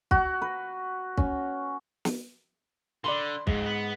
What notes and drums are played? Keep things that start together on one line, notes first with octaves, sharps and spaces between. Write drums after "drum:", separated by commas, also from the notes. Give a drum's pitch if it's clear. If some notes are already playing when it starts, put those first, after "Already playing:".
F#4, drum: kick
B4
C#4, drum: kick
drum: snare
D3 D5 B5 C6
F2 G#2, drum: kick
B4 F#5